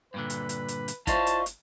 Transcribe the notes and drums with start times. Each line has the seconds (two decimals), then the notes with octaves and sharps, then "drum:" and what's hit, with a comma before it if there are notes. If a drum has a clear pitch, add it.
0.14 G2 A#2 D3 B4
0.30 drum: hi-hat
0.49 drum: hi-hat
0.68 drum: hi-hat
0.88 drum: hi-hat
1.07 E4 F4 C5 D5 D#5 F5 A5 C#6, drum: kick, hi-hat
1.27 drum: hi-hat
1.46 drum: hi-hat